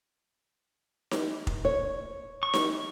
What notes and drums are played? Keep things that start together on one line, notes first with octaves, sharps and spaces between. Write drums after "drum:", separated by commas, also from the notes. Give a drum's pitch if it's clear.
drum: snare D#4
drum: kick F1
C#5
C#6
drum: snare D#4